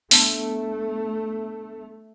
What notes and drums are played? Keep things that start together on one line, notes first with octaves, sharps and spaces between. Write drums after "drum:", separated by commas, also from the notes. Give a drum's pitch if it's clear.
A3 B3 D4 A5, drum: open hi-hat